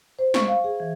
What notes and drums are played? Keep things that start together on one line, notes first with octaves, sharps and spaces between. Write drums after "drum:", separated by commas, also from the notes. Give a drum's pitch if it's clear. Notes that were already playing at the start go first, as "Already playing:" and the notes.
C5
C#6, drum: snare
F5
G#4
E3